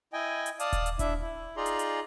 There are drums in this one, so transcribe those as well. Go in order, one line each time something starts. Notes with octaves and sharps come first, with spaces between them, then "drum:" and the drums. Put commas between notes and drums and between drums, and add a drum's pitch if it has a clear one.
E4 D#5 G5 G#5
drum: hi-hat
D5 F5 A5 D#6, drum: hi-hat
drum: kick D#1, hi-hat
drum: hi-hat
D4 E4 E5, drum: kick D#1, hi-hat
E4
D#4 F4 G#4 D5 A#5 C6
drum: hi-hat
drum: hi-hat